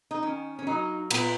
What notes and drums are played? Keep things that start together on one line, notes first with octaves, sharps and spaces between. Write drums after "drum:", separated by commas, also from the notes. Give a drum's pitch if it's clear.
D#4
D#3 C#4
C#4
F#3 A#3 D#4
A#2 B3, drum: cymbal